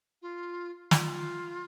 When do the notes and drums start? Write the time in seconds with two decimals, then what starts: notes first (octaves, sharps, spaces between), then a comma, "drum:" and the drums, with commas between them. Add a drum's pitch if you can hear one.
0.21 F4
0.91 F4, drum: snare